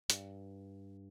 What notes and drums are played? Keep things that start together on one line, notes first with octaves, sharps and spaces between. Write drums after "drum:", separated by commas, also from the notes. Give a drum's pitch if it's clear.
G2, drum: hi-hat